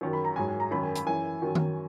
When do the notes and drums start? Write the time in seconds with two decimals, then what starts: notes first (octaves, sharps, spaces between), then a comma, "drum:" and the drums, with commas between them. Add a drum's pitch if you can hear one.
0.01 F#2 D#3 F#3
0.13 B5
0.25 A#5
0.36 G#2 F#3 G#5
0.48 G#5
0.60 A#5
0.71 F#2 D#3 F#3 B5
0.83 G#5
0.96 B5, drum: hi-hat
1.06 F#2 E3 G#5
1.42 F#2 D#3 F#3
1.55 drum: tom D#3